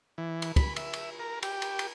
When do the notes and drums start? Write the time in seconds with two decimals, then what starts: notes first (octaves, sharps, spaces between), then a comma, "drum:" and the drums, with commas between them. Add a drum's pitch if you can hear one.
0.18 E3
0.42 drum: cymbal
0.56 B5, drum: kick, cymbal
0.76 E5, drum: cymbal
0.93 drum: cymbal
1.19 A#4
1.43 G4, drum: cymbal
1.62 drum: cymbal
1.79 drum: cymbal